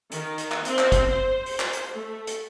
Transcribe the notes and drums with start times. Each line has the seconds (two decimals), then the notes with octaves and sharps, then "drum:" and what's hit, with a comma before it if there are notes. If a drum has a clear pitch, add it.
0.12 D#3, drum: hi-hat
0.38 drum: hi-hat
0.51 drum: clap
0.65 C4, drum: hi-hat
0.78 drum: clap
0.92 drum: kick, hi-hat
1.10 C5
1.46 drum: open hi-hat
1.60 drum: clap
1.73 drum: hi-hat
1.94 A3
2.27 drum: hi-hat